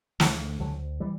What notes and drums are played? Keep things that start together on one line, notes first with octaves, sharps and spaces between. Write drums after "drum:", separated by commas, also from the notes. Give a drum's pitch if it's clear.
D2 E3, drum: snare
D2 D3 F#3
E3 G3